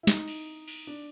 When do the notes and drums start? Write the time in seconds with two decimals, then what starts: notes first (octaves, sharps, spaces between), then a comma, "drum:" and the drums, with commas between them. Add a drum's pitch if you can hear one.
0.03 E4
0.07 D#4, drum: snare
0.28 drum: cymbal
0.68 drum: cymbal
0.87 D4